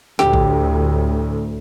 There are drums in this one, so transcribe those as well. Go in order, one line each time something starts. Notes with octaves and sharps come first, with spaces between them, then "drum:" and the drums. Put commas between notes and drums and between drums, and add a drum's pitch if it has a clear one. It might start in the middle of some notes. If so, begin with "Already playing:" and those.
D2 A2 G4, drum: snare
drum: kick A#1